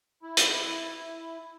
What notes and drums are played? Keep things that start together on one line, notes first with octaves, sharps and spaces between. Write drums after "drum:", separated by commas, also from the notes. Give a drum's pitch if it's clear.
E4
drum: hi-hat